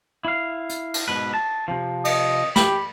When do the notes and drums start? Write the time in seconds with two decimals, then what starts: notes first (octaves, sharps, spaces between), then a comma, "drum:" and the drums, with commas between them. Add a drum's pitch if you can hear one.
0.25 E4 F5
0.69 drum: hi-hat
0.94 drum: cymbal
1.08 G#2 B2 B4
1.34 A5
1.68 C3 F3
2.05 D#5, drum: cymbal
2.56 G4 B5, drum: snare